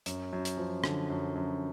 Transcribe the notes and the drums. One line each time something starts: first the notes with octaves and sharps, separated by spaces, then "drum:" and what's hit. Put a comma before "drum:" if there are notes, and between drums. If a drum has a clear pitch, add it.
F#2, drum: hi-hat
F#2
drum: hi-hat
F3
D3, drum: rim click
F#2
F#2